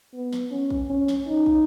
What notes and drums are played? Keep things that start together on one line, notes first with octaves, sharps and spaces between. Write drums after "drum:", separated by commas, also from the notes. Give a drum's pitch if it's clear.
B3
drum: snare
C#4
drum: kick
C#4
drum: snare
D#4
drum: kick